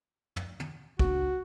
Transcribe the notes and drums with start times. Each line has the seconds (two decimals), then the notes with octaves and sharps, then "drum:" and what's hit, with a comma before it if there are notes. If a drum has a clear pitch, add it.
0.36 drum: tom
0.60 drum: tom
0.99 C#2 D4 F#4, drum: kick